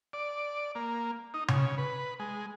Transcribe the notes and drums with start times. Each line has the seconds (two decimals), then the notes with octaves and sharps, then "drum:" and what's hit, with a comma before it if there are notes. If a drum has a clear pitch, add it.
0.13 D5
0.75 A#3
1.34 D#4
1.48 C#3, drum: tom C3
1.78 B4
2.20 G#3